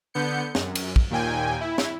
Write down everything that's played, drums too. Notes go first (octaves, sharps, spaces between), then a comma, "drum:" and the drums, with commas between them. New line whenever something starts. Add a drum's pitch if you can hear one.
D3 B3 G6 C#7
F#2, drum: snare
drum: cymbal
drum: kick
D#2 A#2 G5 G#5
E4
drum: snare